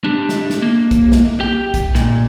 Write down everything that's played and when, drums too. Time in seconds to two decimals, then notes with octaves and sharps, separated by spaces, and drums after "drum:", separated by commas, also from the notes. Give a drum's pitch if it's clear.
0.04 D4 G4
0.29 drum: snare
0.50 drum: snare
0.62 A#3
0.91 drum: kick A#1, hi-hat
1.12 drum: snare
1.40 G4 G5
1.74 drum: kick A#1, hi-hat
1.95 A#2, drum: snare